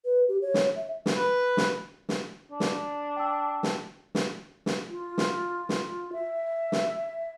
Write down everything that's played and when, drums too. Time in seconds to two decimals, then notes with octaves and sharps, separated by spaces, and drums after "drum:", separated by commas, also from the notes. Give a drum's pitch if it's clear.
0.05 B4
0.28 G4
0.42 C#5
0.54 drum: snare
0.76 E5
1.06 drum: snare
1.16 B4
1.57 drum: snare
2.09 drum: snare
2.51 D4
2.60 drum: snare
3.16 G5 A5 E6
3.63 drum: snare
4.15 drum: snare
4.66 drum: snare
4.90 F4
5.18 drum: snare
5.69 drum: snare
6.13 E5
6.72 drum: snare